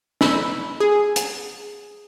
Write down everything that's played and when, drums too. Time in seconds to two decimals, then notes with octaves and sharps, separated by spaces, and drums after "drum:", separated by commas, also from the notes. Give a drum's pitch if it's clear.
0.21 B5 E6, drum: snare
0.80 G#4
1.16 drum: hi-hat